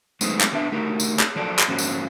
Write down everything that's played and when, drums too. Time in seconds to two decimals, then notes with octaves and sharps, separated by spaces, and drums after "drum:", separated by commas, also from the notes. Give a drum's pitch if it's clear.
0.21 F#3 G#3 A3 B3 C4 D#4, drum: tambourine
0.41 drum: clap
0.52 C2 B3 D4 E5
0.72 A3 D#4 F#4 G4 A#4
1.00 drum: tambourine
1.19 drum: clap
1.36 F3 F#3 A4 D5
1.59 drum: clap
1.68 G#2 F3 A#3 C4 C#4 F#4
1.79 drum: tambourine